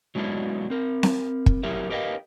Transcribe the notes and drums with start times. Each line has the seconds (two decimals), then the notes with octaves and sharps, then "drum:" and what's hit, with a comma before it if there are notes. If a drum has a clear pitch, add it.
0.15 F#3 G#3 B3 D4 E4
0.70 C4 A#4
1.03 drum: snare C4
1.46 drum: kick
1.63 F#3 E4 G4 A#4 E5
1.90 G4 A#4 B4 D#5 F5 G5